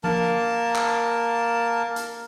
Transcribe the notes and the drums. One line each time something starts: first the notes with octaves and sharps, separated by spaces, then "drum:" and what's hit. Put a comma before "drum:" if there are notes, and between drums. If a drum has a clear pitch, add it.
A#3 A#4 A5, drum: tom F3
drum: clap
drum: hi-hat